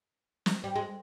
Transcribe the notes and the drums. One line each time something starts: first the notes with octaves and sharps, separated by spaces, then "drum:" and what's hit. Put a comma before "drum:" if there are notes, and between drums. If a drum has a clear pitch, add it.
drum: snare
G3
G#3